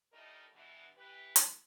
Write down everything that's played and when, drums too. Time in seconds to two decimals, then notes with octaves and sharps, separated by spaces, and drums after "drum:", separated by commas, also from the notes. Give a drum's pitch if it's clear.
0.12 A2 G3 A3 D#4 A#4 D#5
0.53 G2 B2 E3
0.97 E3 G4 B4
1.36 drum: hi-hat